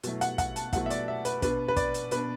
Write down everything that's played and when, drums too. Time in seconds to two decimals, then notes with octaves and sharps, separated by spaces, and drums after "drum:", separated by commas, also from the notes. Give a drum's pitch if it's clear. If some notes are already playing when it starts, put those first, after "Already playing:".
0.03 B2 F#3 A3 E4, drum: hi-hat
0.21 F#5, drum: hi-hat
0.38 F#5, drum: kick, hi-hat
0.56 A5, drum: hi-hat
0.73 B2 F#3 A3 E4 F#5, drum: kick, hi-hat
0.86 E5
0.90 D5, drum: hi-hat
1.08 E5
1.25 B4, drum: hi-hat
1.42 B2 B3 D4 B4, drum: kick, hi-hat
1.68 B4
1.77 D5, drum: kick, hi-hat
1.94 drum: hi-hat
2.11 B2 B3 D4 B4, drum: hi-hat